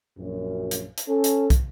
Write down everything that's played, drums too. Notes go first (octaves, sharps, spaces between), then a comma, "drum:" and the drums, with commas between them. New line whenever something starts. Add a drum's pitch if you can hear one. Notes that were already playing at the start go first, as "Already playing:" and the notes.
A#1 F#2
drum: hi-hat
drum: hi-hat
C#4 A4
drum: hi-hat
drum: kick, hi-hat